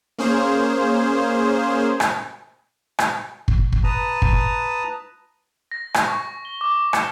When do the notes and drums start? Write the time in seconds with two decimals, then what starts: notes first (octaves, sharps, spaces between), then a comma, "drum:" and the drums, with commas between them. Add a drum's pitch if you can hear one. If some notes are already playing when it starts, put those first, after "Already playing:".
0.18 A#3 C#4 G#4 C5
2.00 drum: rim click
2.99 drum: rim click
3.48 drum: kick
3.72 drum: kick
3.84 B4 A5 A#5 D#6
4.22 drum: kick
5.71 A#6
5.94 drum: rim click
6.08 C#6
6.45 G7
6.61 D6
6.93 C#7, drum: rim click